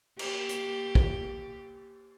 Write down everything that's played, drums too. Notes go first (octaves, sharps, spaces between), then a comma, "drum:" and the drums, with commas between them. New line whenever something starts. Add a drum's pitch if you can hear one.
A#3 G4, drum: cymbal
drum: hi-hat
drum: kick